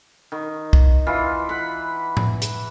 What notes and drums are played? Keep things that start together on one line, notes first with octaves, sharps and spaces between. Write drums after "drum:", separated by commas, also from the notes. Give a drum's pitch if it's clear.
D#3
drum: kick
E3 F4
F#5 B5
drum: tom A2
drum: hi-hat